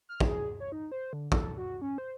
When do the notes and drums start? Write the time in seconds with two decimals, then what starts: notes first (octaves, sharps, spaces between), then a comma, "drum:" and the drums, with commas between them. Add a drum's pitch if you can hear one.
0.09 F6
0.20 G#4, drum: kick
0.60 C#5
0.72 D#4
0.92 C5
1.13 D3
1.32 A4, drum: kick
1.58 F#4
1.82 C#4
1.98 C5